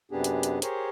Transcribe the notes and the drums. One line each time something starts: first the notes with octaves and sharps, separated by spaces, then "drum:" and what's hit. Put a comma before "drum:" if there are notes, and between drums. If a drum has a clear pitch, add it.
F#2 C3 B3 D4 G4 G#4
drum: hi-hat
drum: hi-hat
G4 G#4 A#4 C5 C#5, drum: hi-hat